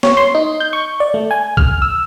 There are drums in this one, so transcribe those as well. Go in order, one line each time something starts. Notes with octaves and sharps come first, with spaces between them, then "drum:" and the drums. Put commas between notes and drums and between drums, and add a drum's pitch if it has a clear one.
C#5, drum: snare
C6
D#4
G6
C#6
D5
A3
G#5
F6, drum: kick B1
E6